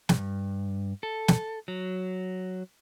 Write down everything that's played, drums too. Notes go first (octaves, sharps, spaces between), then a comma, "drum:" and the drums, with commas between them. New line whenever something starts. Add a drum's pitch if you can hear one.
G2, drum: snare
A4
drum: snare
F#3